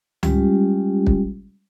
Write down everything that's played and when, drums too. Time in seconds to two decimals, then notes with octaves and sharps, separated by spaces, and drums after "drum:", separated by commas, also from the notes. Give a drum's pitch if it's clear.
0.23 G3 G#3 C#4 F4 G4, drum: tom C#2
1.07 drum: kick